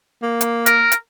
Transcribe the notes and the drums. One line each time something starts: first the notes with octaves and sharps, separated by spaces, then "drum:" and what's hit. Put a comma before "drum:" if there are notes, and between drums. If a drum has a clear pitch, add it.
A#3
drum: hi-hat
A#4, drum: hi-hat
drum: hi-hat